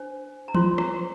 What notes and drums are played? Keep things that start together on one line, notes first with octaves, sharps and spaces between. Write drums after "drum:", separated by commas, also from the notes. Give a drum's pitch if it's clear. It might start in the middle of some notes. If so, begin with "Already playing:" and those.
Already playing: D4 C5
A#5
F4 C5 C6, drum: tom E3
A#5, drum: rim click